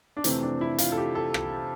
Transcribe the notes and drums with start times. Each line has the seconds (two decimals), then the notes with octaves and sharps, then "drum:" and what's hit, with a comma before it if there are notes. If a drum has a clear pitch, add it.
0.17 D4
0.24 F2 C3 E3 A3 C4, drum: hi-hat
0.43 D4
0.61 E4
0.78 F4, drum: hi-hat
0.92 A4
0.97 G4
1.15 A4
1.34 drum: rim click